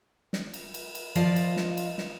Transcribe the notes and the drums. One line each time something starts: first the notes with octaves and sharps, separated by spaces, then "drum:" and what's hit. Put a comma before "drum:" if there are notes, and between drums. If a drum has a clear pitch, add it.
drum: snare
drum: cymbal
drum: cymbal
drum: cymbal
F3 F4 D5 D#5 F5 A5, drum: cymbal
drum: cymbal
drum: snare
drum: cymbal
drum: snare